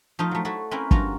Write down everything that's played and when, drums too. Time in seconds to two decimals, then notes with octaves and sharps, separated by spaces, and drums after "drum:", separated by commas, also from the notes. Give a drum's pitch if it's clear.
0.19 F3 A3 D#4 F4
0.31 F#3 A3
0.45 A3 E4 F#4 A4
0.71 C4 C#4 E4 A#4 B4
0.91 G2 F4 F#4 A#5, drum: kick